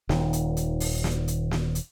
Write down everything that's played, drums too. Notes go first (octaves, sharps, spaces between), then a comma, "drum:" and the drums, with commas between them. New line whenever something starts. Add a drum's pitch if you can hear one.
D#1 D#3, drum: snare
drum: hi-hat
drum: hi-hat
drum: open hi-hat
drum: snare
drum: hi-hat
drum: snare
drum: hi-hat